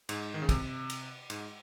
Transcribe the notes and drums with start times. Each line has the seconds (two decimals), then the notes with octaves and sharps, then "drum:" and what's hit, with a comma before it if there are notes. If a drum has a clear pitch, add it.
0.09 G#2, drum: cymbal
0.34 D#3
0.42 C#3
0.49 C3, drum: kick, cymbal
0.89 drum: cymbal
1.30 G#2, drum: cymbal